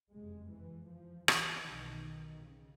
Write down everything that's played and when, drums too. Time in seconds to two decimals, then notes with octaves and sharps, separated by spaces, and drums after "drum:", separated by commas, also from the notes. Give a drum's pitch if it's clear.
0.11 F#1 F2 C3 G#3
0.50 E3
0.90 F3
1.28 E3, drum: rim click
1.67 B1 B2 D#3
2.46 C#3